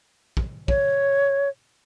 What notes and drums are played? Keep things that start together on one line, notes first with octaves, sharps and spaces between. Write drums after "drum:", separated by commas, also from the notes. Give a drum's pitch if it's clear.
drum: kick
C#5, drum: kick